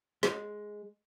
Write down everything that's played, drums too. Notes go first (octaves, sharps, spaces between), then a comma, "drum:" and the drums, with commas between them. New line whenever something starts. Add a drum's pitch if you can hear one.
G#3, drum: snare